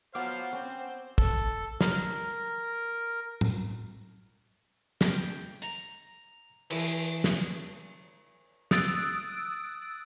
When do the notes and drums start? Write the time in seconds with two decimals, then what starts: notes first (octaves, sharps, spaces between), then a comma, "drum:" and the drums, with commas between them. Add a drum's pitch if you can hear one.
0.15 F#3 B3 C5 F5 F#5 D6
0.53 C4 C#4 C5 C6
1.18 A4, drum: kick
1.81 A#4, drum: snare
3.41 drum: tom
5.01 G5, drum: snare
5.62 A#5, drum: hi-hat
6.70 E3, drum: cymbal
7.24 drum: snare
8.71 D#6 E6 F#6 A6 D7, drum: snare